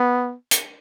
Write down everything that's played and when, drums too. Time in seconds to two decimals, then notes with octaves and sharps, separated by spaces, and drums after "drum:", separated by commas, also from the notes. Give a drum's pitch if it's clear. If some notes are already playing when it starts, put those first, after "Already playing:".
Already playing: B3
0.51 drum: hi-hat